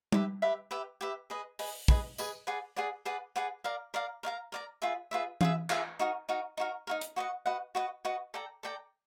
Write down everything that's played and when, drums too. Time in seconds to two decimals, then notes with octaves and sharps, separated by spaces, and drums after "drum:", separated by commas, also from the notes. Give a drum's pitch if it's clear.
0.12 G4 B4 E5, drum: tom G3
0.42 G4 B4 E5
0.71 G4 B4 E5
1.01 G4 B4 E5
1.30 G#4 B4 D#5
1.59 G#4 B4 D#5, drum: open hi-hat
1.88 G#4 B4 D#5, drum: kick
2.18 G#4 B4 D#5, drum: tambourine
2.47 G#4 B4 D5 F#5
2.76 G#4 B4 D5 F#5
3.05 G#4 B4 D5 F#5
3.36 G#4 B4 D5 F#5
3.64 A#4 D5 F5 A#5
3.94 A#4 D5 F5 A#5
4.23 A#4 D5 F5 A#5
4.52 A#4 D5 F5 A#5
4.82 F4 G#4 B4 E5
5.11 F4 G#4 B4 E5
5.41 F4 G#4 B4 E5, drum: tom E3
5.70 F4 G#4 B4 E5, drum: clap
5.99 D#4 F#4 A#4
6.29 D#4 F#4 A#4
6.57 D#4 F#4 A#4
6.87 D#4 F#4 A#4
7.01 drum: hi-hat
7.16 F#4 B4 D#5 F#5
7.46 F#4 B4 D#5 F#5
7.75 F#4 B4 D#5 F#5
8.05 F#4 B4 D#5 F#5
8.34 A4 D5 G5 A#5
8.63 A4 D5 G5 A#5